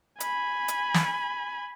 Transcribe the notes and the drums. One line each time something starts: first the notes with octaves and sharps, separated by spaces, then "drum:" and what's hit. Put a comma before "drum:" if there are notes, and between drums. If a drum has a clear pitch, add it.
G#5 B5, drum: hi-hat
drum: hi-hat
drum: snare